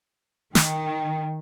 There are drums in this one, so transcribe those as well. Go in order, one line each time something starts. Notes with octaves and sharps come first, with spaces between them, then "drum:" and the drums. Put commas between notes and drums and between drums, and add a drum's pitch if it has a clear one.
D#3 G5, drum: snare